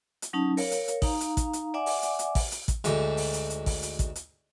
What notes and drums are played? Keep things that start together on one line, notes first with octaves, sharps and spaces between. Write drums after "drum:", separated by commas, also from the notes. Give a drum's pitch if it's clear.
drum: hi-hat
F#3 C#4 D#4 A5
A#4 C#5 F5, drum: open hi-hat
drum: hi-hat
drum: hi-hat
D#4 F5 A#5, drum: kick, open hi-hat
drum: hi-hat
drum: kick, hi-hat
drum: hi-hat
D5 E5 F#5 G#5 D6
drum: open hi-hat
drum: hi-hat
drum: hi-hat
drum: kick, open hi-hat
drum: hi-hat
drum: kick, hi-hat
D2 G#2, drum: hi-hat
drum: open hi-hat
drum: hi-hat
drum: hi-hat
drum: kick, open hi-hat
drum: hi-hat
drum: kick, hi-hat
drum: hi-hat